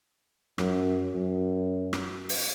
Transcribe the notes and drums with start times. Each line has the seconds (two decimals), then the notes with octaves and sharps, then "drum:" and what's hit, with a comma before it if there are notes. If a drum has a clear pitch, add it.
0.58 F#2, drum: rim click
1.14 F#2
1.93 drum: rim click
2.29 drum: open hi-hat